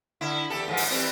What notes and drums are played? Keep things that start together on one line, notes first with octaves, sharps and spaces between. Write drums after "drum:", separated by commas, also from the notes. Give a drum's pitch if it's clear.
D3 E4
E2 G4 A4
G#2 E3 F3
drum: open hi-hat
E3 G3 C4